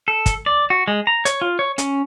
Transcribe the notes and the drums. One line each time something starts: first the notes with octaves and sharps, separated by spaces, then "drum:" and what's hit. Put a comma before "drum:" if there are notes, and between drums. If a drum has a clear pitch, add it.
A4
drum: kick, hi-hat
D5
F#4
G#3
A#5
C#5, drum: hi-hat
F4
C#5
C#4, drum: hi-hat